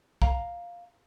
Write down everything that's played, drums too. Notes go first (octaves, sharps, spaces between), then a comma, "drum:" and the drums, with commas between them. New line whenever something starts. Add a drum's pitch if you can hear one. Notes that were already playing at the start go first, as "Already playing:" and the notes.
F5 A#5, drum: kick